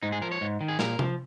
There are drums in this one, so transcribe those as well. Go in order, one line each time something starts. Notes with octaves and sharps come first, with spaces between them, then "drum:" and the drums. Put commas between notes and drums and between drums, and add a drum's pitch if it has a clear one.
G#2 D#4
G#4
F3 A#4
C#5
G#2
D#3
G#4
A#2 A#4, drum: snare
F3, drum: tom C3